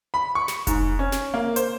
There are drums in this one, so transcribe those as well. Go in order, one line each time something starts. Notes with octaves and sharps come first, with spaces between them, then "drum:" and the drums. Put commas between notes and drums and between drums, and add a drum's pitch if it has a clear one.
B5
C#6
drum: snare
G#2, drum: kick F1, hi-hat
C#4
drum: snare
A#3
C5, drum: hi-hat